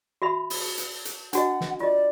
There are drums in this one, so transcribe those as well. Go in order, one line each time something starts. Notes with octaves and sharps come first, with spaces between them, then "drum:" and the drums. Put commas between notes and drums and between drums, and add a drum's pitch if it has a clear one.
F#4 E5 B5
drum: open hi-hat
drum: hi-hat
drum: hi-hat
D4 F#4 D#5 F#5, drum: hi-hat
drum: snare
F4 D5 D#5